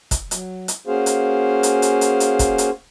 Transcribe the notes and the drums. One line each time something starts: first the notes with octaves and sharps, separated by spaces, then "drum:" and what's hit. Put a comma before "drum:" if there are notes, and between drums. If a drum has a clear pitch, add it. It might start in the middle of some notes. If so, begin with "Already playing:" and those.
drum: kick, hi-hat
F#3, drum: hi-hat
drum: hi-hat
A#3 C#4 F#4 G#4 C5 F5
drum: hi-hat
drum: hi-hat
drum: hi-hat
drum: hi-hat
drum: hi-hat
drum: kick, hi-hat
drum: hi-hat